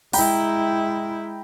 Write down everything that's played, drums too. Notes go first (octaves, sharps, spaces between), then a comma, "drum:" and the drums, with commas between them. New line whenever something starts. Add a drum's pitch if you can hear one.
G#3 E4 G5 A#5 B5, drum: open hi-hat